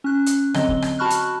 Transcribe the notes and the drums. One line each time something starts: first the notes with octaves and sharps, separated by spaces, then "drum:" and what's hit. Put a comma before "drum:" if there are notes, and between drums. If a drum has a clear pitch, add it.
C#4 F#6
drum: hi-hat
D3 F#3 C4 D#5 G7, drum: rim click
drum: kick
drum: rim click
F#4 A5 B5 C#6 F6 F#6
drum: hi-hat